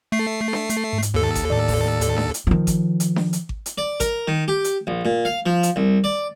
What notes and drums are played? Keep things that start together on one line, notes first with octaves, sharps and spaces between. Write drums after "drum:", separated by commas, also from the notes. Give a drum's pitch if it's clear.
A3 C7
drum: snare D4
drum: hi-hat
G#2
drum: hi-hat
D#2 A4
drum: kick G#1, hi-hat
A2 D5
drum: kick G#1, open hi-hat
drum: hi-hat
drum: snare D4
drum: hi-hat
D#3 F3
drum: kick G#1, hi-hat
drum: hi-hat
drum: snare D4
drum: hi-hat
drum: kick G#1
drum: hi-hat
D5
A#4, drum: kick G#1, hi-hat
D#3
G4
drum: hi-hat
A#1
A#2
F5
F3
drum: hi-hat
C2
D5